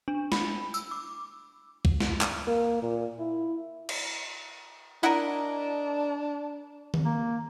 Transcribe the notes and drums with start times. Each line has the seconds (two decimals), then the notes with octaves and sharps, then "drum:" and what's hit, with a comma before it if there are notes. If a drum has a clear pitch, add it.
0.08 D4
0.32 B5, drum: snare
0.74 E6, drum: tambourine
0.91 D6
1.85 drum: kick C2
2.00 drum: snare
2.21 drum: clap
2.47 A#3
2.82 A#2
3.19 E4
3.89 drum: cymbal
5.03 D4 E4 A#4 D#5 F#5
6.94 drum: tom D#3
7.05 A#3